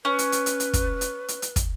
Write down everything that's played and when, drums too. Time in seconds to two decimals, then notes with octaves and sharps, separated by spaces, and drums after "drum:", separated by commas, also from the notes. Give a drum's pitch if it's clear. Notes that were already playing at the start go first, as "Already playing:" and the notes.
0.05 C#4 B4
0.19 drum: hi-hat
0.32 drum: hi-hat
0.46 drum: hi-hat
0.60 drum: hi-hat
0.74 drum: kick, hi-hat
1.01 drum: hi-hat
1.28 drum: hi-hat
1.42 drum: hi-hat
1.56 drum: kick, hi-hat